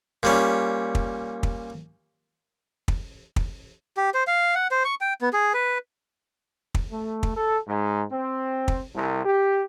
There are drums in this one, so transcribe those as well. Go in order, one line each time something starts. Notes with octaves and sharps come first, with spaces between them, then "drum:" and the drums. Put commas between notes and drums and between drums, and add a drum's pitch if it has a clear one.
A#2 G3 C#4
drum: kick
drum: kick
drum: kick
drum: kick
G4
C5
F5
F#5
C5
C#6
G5
B3
G#4
B4
drum: kick
A3
drum: kick
A4
G#2
C4
drum: kick
C2
G4